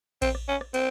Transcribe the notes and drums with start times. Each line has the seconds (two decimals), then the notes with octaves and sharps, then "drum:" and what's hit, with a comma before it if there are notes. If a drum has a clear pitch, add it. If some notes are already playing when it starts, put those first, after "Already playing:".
0.22 C4, drum: kick A#1, cymbal
0.35 drum: rim click
0.48 C#4
0.61 drum: rim click
0.74 C4, drum: cymbal